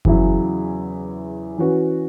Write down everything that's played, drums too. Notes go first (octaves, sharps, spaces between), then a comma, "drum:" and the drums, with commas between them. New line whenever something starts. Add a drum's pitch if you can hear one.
E2 C#3 F#3 E4 G#4, drum: kick F#1
E3 C#4 F#4 B4